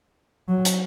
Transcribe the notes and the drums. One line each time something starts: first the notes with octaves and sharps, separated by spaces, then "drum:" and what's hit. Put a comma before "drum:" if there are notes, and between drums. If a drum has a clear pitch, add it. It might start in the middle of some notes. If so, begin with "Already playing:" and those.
F#3
drum: hi-hat